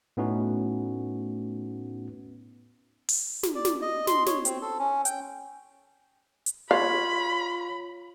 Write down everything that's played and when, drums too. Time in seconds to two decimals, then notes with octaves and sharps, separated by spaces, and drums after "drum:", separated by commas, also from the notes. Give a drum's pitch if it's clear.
0.17 A2 A3 B3 C#4 D#4 F#4
3.09 drum: open hi-hat
3.43 drum: snare
3.55 D5
3.65 drum: snare
3.82 D#5
4.07 C6, drum: snare
4.26 C#5, drum: snare
4.45 C4, drum: hi-hat
4.62 A4
4.79 C#4
5.05 G5, drum: hi-hat
6.46 drum: hi-hat
6.71 F4 C#5 F5 B5